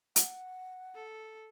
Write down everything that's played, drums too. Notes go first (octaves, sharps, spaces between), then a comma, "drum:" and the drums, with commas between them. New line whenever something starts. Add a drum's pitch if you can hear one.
F#5, drum: hi-hat
A4